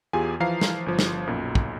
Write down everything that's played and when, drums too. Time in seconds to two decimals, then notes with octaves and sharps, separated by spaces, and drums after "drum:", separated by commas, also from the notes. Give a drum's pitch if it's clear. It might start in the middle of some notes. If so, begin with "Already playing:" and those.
0.13 E2 F4 G4 G#4 G#5
0.40 E3 F3 F5 A#5 C7
0.61 drum: snare
0.86 G1 F3
0.99 drum: snare
1.27 B1 F#2 A#2
1.55 drum: kick